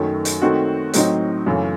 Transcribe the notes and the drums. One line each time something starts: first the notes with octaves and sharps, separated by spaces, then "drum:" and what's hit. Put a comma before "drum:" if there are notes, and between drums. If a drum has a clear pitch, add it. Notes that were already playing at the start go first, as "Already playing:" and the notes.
Already playing: F#2 D#3 F#3 A3
drum: hi-hat
D#3 A3 C4 D#4 F#4
A2 F#3 C4 D#4, drum: hi-hat
F#2 C#3 E3 A3